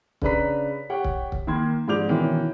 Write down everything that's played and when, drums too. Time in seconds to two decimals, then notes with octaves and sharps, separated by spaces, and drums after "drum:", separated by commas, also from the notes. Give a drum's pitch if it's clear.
0.22 C#3 D4 B4 A#5 B6, drum: kick C#1
0.89 G4 C#5 F#5 G5
1.04 drum: kick C#1
1.32 drum: kick C#1
1.47 D#3 A#3 C6 G#6
1.88 G#2 F3 D4 D6 G6 F7
2.08 B2 D#3 E3 C#4